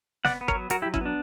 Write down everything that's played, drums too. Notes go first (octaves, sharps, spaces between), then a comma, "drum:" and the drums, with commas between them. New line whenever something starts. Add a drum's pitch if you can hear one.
B3 D5 F#5, drum: snare
B3
A#4 C#5, drum: kick
F#3
F#3 F#4 A#4, drum: hi-hat
E4 G4
F#3
C#4 E4, drum: kick
B3 D4